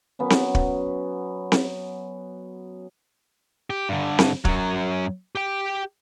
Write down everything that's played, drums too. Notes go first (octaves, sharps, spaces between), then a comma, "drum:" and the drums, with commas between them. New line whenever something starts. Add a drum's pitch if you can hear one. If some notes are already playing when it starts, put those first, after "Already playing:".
F#3 B3 C#4
drum: snare C4
drum: kick
drum: snare C4
G4
G2 D3
drum: snare C4
F#2 F#3, drum: kick
G4 G5